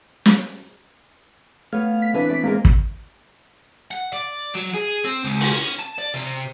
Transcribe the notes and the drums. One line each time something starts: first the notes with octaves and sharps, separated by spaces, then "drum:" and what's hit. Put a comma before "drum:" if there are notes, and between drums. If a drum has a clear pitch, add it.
drum: snare
A3 B3 C#5 F5
B6
E3 C4 D4 B4
A3 D5 B6
G#3 A#3 A#4 D5
drum: kick
F#5
D5
F#3
G#4
C4
C#2
drum: open hi-hat
C#4
A5
D5
C3